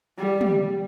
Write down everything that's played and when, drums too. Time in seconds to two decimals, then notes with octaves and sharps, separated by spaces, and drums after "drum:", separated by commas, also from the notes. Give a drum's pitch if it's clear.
0.18 G3
0.41 drum: tom